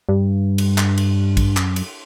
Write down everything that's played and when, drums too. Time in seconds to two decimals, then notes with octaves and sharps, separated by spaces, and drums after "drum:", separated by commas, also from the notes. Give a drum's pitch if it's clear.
0.09 G2
0.58 drum: cymbal
0.78 drum: clap
0.98 drum: cymbal
1.37 drum: kick A1, cymbal
1.57 F#2, drum: clap
1.76 drum: cymbal